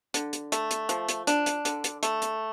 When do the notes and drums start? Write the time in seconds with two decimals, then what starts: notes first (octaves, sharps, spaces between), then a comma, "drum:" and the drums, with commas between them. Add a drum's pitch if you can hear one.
0.14 D3, drum: hi-hat
0.33 drum: hi-hat
0.52 A3, drum: hi-hat
0.71 drum: hi-hat
0.89 F3, drum: hi-hat
1.09 drum: hi-hat
1.27 D4, drum: hi-hat
1.46 drum: hi-hat
1.65 D3, drum: hi-hat
1.84 drum: hi-hat
2.03 A3, drum: hi-hat
2.22 drum: hi-hat